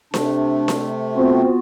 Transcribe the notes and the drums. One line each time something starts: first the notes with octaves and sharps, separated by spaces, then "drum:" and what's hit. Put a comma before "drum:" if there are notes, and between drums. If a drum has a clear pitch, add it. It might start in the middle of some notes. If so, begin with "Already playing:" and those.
C3 A3 D4, drum: snare D4
drum: snare D4
B3 C4 F4 F#4